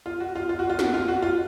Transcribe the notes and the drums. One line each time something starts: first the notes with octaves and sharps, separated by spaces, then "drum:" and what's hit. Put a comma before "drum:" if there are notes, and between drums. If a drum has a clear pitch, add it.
F4
F#4
F4
F4
F#4
F4
F#4, drum: snare
F4
F#4
F4